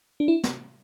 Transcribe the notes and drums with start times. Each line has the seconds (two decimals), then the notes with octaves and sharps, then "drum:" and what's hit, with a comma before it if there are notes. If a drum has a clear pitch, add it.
0.20 D4
0.28 E4
0.43 drum: snare